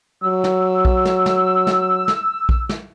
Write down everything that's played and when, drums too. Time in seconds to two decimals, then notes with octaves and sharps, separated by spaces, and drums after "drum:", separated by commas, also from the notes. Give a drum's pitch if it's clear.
0.23 F#3 E6
0.44 drum: snare
0.85 drum: kick A#1
1.05 drum: snare
1.26 drum: snare
1.67 drum: snare
2.08 drum: snare
2.49 drum: kick A#1
2.69 drum: snare